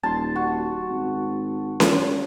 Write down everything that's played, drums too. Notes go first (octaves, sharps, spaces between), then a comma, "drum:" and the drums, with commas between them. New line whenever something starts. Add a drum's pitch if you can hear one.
D#1 A5 C6
F#4
G#1
drum: snare C#4